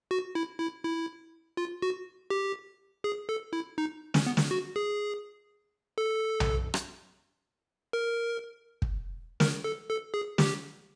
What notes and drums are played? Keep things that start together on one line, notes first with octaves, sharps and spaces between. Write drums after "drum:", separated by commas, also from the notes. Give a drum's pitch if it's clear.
F#4
E4
E4
E4
F4
F#4
G4
G#4
A4
E4
D#4
C#4, drum: snare
B3
drum: snare
F#4
G#4
A4
drum: tom B1
drum: rim click
A#4
drum: kick
A#4, drum: snare
A4
A4
G#4
G4, drum: snare